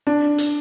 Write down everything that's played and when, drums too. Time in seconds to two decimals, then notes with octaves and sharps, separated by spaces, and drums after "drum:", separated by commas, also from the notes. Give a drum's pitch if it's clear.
0.07 D4
0.38 drum: hi-hat